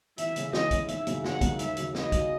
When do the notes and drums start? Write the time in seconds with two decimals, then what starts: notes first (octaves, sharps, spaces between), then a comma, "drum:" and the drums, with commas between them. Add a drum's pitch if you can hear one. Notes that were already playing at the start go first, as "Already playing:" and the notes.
0.18 E2 E5, drum: hi-hat
0.36 C#3 G#3 C#4 E4, drum: hi-hat
0.53 E2 D#5, drum: snare
0.71 C#3 G#3 C#4 E4, drum: kick, hi-hat
0.88 G#1 E5, drum: hi-hat
1.07 F#2 C#3 G#3, drum: hi-hat
1.24 G#1 F#5, drum: snare
1.41 F#2 C#3 G#3, drum: kick, hi-hat
1.59 D#2 E5, drum: hi-hat
1.77 C#3 F#3, drum: hi-hat
1.95 D#2 D#5, drum: snare
2.12 C#3 F#3, drum: kick, hi-hat